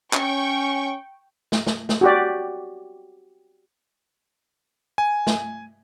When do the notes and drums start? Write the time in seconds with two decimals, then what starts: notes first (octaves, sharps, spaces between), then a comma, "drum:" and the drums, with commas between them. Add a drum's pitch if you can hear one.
0.13 C#4 G5 C#6, drum: clap
1.52 drum: snare
1.67 drum: snare
1.89 drum: snare
2.01 F#4 G4 D5
4.98 G#5
5.27 drum: snare